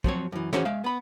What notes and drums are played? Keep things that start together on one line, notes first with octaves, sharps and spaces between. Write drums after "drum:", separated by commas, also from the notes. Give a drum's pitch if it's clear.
F3 F#3 C4 C#5, drum: kick
F#2 E3
E3 C#4 F#4 G#4 A4 C5, drum: snare
G#3 E5 F5
B3 B5